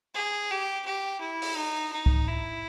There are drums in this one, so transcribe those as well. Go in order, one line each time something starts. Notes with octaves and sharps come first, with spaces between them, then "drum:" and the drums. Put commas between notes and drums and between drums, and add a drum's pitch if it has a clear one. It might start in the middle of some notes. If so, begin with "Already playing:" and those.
G#4
G4
G4
E4
drum: open hi-hat
D#4
D#4
drum: kick
E4